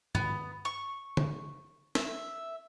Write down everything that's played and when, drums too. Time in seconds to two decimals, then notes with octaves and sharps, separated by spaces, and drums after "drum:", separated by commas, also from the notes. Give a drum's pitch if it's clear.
0.15 B3, drum: tom
0.65 C#6
1.17 drum: tom C#3
1.95 E5, drum: snare